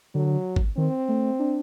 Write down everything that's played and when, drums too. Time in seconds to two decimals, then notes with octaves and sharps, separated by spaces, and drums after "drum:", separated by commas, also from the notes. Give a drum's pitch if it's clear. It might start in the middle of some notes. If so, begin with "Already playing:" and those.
0.15 D3 F#3
0.56 drum: kick
0.77 D#3 C4
1.09 A3
1.39 D4